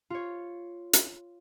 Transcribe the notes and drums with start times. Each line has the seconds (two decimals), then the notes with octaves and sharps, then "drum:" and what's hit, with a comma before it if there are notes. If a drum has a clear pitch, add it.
0.10 F4 C#5
0.93 drum: hi-hat